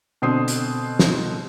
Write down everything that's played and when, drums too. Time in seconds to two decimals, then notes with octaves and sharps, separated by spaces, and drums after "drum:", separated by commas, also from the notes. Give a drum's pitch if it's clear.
0.22 B2 D3 C4 D#6 C7
0.48 drum: hi-hat
0.99 drum: snare